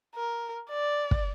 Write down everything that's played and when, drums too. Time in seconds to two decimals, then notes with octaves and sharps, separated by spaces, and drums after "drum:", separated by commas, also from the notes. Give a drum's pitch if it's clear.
0.15 A#4
0.70 D5
1.11 drum: kick